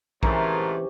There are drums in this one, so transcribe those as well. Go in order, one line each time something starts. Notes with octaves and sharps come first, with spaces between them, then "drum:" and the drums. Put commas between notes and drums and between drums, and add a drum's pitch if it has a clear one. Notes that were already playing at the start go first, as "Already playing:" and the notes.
G#2 C3 E3 A3 C#4 F4 A#4, drum: kick A#1